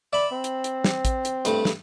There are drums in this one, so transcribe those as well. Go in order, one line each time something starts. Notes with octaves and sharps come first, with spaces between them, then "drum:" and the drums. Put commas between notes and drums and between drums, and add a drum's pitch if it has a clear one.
D5 E5 B5
C4
drum: hi-hat
drum: hi-hat
drum: snare
drum: kick, hi-hat
drum: hi-hat
G2 G3 A3, drum: hi-hat
drum: snare